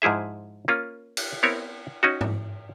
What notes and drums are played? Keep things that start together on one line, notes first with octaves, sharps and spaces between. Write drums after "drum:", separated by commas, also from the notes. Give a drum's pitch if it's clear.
G#2 F3 E4 G#4 E5
A#3 C#4 F4
drum: cymbal
B3 C4 E4 A#4 C#5
C#4 D#4 F#4
drum: tom G#2